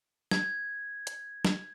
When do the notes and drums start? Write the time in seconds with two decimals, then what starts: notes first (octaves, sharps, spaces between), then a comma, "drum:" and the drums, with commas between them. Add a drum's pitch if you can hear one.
0.31 G#6, drum: snare
1.07 drum: hi-hat
1.45 drum: snare